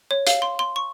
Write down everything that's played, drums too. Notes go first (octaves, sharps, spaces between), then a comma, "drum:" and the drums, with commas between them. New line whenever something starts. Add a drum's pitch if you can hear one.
C#5
F5, drum: hi-hat
C6
C6
C#6